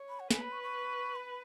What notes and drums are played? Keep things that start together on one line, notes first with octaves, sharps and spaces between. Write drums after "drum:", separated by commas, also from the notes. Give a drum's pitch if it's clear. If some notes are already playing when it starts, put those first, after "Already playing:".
Already playing: C#5
B5
F#5
B4 G#5, drum: snare
B5
C#6
C#6
B5